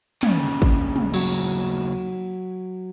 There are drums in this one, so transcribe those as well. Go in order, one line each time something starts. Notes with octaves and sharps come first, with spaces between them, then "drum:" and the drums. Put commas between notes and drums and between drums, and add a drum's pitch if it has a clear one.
D#2 C#3, drum: tom
drum: kick G#1
drum: tom
F#3, drum: cymbal